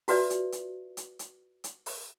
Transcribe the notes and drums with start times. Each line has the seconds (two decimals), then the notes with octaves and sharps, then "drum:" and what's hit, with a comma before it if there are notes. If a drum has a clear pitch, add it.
0.08 F4 F#4 B4 D5 E5, drum: open hi-hat
0.30 drum: hi-hat
0.52 drum: hi-hat
0.97 drum: hi-hat
1.19 drum: hi-hat
1.64 drum: hi-hat
1.86 drum: open hi-hat